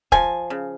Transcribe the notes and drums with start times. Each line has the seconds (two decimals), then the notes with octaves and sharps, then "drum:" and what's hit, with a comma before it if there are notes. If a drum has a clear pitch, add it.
0.12 F3 G#5, drum: kick
0.50 C#3